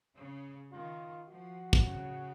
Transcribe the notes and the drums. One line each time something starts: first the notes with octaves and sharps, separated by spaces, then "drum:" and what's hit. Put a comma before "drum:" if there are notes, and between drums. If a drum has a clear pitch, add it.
C#3
D#3 F4
F3 F#4
drum: kick
C#3